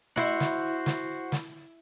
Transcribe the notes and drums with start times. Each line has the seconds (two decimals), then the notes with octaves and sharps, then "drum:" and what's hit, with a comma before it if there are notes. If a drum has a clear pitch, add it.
0.17 E4 F#4 C5
0.40 drum: snare
0.86 drum: snare
1.32 drum: snare